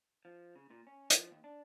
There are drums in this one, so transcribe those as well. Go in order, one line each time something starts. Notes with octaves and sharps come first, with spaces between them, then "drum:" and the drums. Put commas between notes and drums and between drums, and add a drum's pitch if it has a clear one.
F3
C#3
A#2
C#4
F3, drum: hi-hat
D#2
D4